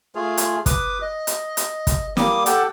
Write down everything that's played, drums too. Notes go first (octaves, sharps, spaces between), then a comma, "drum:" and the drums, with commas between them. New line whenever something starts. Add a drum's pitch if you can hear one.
A3 F4 G#4
drum: hi-hat
B4 D6 D#6, drum: kick, hi-hat
D#5
drum: hi-hat
drum: hi-hat
drum: kick, hi-hat
G3 A#3 D6 D#6, drum: snare
G4 A4 F#5 G5, drum: hi-hat